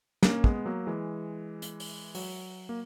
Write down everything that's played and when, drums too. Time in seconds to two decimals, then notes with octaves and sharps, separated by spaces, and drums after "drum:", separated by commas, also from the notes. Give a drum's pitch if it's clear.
0.23 A#3 C#4, drum: snare
0.44 G#3 B3, drum: kick
0.66 F#3 A#3
0.87 E3 G#3
1.62 drum: hi-hat
1.80 drum: open hi-hat
2.15 F#3, drum: open hi-hat
2.69 A#3